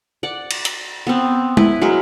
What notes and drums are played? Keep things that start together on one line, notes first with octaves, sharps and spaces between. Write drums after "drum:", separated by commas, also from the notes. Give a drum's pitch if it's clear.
D5 F#5
drum: cymbal
drum: hi-hat
B3 C4
E4 B4, drum: tom
F#3 G#3 A#4 B5